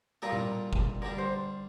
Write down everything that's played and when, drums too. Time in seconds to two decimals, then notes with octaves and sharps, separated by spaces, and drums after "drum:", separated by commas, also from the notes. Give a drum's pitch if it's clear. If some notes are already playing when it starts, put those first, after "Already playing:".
0.22 A#2 G3 D4 F4 A4 A#4
0.32 drum: tom A#2
0.73 drum: kick F#1
1.02 D3 G3 D4 A#4
1.18 C5